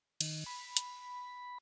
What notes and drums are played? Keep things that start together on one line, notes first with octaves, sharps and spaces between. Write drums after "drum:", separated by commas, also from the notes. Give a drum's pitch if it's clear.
D#3, drum: cymbal
B5
drum: hi-hat